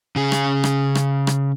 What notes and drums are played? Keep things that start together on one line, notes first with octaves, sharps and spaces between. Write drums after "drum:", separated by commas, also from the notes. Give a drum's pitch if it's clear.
C#3 G#4
drum: rim click
drum: rim click
drum: rim click
drum: rim click